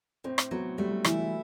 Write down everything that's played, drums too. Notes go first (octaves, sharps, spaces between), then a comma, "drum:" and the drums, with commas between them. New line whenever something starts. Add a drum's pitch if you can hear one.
A2 C4
drum: rim click
F#3 B3
G3 A3
G3
E3 E4, drum: rim click
F#3